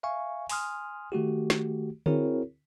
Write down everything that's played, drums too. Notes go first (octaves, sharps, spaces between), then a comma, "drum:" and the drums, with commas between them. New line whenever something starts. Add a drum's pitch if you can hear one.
E5 F5 G#5 C#6
G#5 C6 D#6 F6, drum: open hi-hat
D#3 A3 F#4 G4
drum: snare
C4 E4 F#4 G#4 A#4 C#5, drum: tom D3